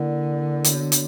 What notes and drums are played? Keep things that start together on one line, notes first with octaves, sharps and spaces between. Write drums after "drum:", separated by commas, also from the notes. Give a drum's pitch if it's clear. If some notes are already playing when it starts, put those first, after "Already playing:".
Already playing: D3 A#3 E4 A#4 D5 F#5
B3 D4 F#4 C#5, drum: hi-hat
drum: hi-hat